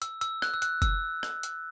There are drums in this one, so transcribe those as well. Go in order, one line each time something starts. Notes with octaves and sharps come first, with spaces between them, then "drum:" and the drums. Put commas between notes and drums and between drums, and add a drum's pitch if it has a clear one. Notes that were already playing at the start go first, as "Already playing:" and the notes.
E6, drum: hi-hat
E6, drum: hi-hat
F#6, drum: rim click
E6
F#6, drum: hi-hat
E6, drum: kick F#1, hi-hat
drum: rim click
drum: hi-hat